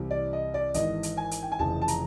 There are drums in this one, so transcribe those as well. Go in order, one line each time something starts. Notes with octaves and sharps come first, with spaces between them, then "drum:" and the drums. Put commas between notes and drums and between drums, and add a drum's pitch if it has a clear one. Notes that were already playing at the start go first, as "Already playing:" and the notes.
Already playing: C2 C3 E3
D5
D#5
D5
G#1 G#2 E3 D#5, drum: hi-hat
drum: hi-hat
G#5
drum: hi-hat
G5
G#5
F1 F2 C#3 E3 A5
A5
A#5, drum: hi-hat